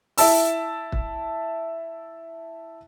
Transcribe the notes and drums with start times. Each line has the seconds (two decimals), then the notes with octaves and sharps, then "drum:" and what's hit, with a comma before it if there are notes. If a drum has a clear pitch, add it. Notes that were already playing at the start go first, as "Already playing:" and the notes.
0.18 E4 E5 A5 E6, drum: open hi-hat
0.92 drum: kick